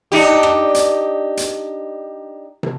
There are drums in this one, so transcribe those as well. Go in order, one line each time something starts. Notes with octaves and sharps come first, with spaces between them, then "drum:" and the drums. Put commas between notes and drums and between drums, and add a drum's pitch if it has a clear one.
D4 D#4 G4
drum: rim click
drum: hi-hat
drum: hi-hat
drum: tom